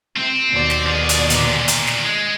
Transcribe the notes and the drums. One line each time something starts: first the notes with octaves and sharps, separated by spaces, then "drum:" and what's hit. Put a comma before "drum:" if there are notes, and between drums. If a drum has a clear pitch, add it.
C3 C4
D#2 B2 D5
drum: snare
F3 G#4
drum: hi-hat
A#2 D3, drum: hi-hat
drum: hi-hat
drum: snare
G#3